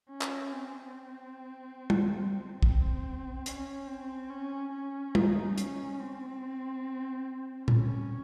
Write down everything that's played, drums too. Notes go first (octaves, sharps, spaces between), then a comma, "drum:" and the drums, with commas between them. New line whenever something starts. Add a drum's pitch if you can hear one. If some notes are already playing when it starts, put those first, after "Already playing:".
C#4
drum: clap
C4
drum: tom
C4, drum: kick
C#4, drum: hi-hat
C4
C#4
C#4
D#4, drum: tom
C#4, drum: hi-hat
C4
C#4, drum: tom A#2